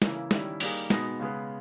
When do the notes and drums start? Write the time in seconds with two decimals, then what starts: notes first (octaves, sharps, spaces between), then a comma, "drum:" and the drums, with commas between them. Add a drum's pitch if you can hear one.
0.02 C#3 E3 A#3 C#4 E4, drum: snare
0.31 D#3 G3 C#4 E4, drum: snare
0.60 G3 A#3 D#4 G#4, drum: open hi-hat
0.90 B2 G#3 B3 D#4, drum: snare
1.20 C#3 G#3 B3